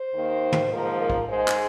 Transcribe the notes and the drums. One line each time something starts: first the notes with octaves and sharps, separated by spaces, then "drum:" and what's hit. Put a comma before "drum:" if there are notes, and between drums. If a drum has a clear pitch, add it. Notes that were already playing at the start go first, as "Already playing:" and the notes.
Already playing: C5
D#2 D#3 A#3
drum: tom
G#2 F3 A#3 A#4
A#4
drum: kick
G#2 G#3 C5
drum: clap